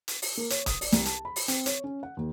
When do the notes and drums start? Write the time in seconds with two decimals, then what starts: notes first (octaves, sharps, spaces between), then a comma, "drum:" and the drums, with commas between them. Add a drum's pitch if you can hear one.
0.08 drum: hi-hat
0.22 drum: open hi-hat
0.37 A#3
0.50 C#5, drum: hi-hat
0.66 D#6, drum: kick, hi-hat
0.81 D5, drum: open hi-hat
0.92 C2, drum: hi-hat
1.05 A5, drum: hi-hat
1.25 B5
1.36 drum: open hi-hat
1.48 C4, drum: hi-hat
1.66 C#5, drum: hi-hat
1.84 C#4
2.03 F#5
2.17 D#2